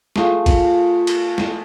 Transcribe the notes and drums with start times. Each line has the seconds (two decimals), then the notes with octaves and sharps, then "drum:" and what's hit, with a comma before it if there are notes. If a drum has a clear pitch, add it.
0.16 A3 F4 G#4, drum: snare
0.46 drum: kick, cymbal
1.07 drum: cymbal
1.38 drum: snare